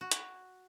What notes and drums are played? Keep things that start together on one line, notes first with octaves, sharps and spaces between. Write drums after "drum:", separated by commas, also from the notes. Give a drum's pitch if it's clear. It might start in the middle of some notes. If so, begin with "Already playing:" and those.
F#4
drum: hi-hat